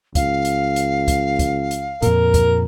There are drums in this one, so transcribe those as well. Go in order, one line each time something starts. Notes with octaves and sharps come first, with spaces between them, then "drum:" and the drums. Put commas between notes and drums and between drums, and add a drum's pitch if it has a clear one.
C#2 F5, drum: kick, hi-hat
drum: hi-hat
drum: hi-hat
drum: kick, hi-hat
drum: kick, hi-hat
drum: hi-hat
F2 A#2 A#4, drum: hi-hat
drum: kick, hi-hat